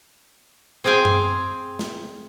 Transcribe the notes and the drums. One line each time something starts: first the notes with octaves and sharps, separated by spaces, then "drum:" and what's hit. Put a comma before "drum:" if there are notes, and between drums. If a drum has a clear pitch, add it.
C4 G#4 F5 G5 G#5
drum: tom F#2
drum: snare